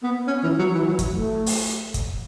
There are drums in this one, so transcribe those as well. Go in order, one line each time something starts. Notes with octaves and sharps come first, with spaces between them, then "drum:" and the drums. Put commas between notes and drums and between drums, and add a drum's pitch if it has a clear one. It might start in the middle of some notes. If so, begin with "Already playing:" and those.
B3
C#4
E3
F#3
E3
F#3
drum: kick, hi-hat
A3
drum: open hi-hat
drum: kick, hi-hat